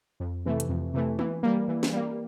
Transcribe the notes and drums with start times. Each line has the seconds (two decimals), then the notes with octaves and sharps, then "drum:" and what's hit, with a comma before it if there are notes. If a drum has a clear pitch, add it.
0.20 F2
0.46 C3 E3 A3
0.60 drum: hi-hat
0.69 F2
0.94 C3 E3 A3
1.19 E3, drum: tom G#3
1.43 G3 A#3
1.68 E3
1.83 drum: snare
1.93 G3 A#3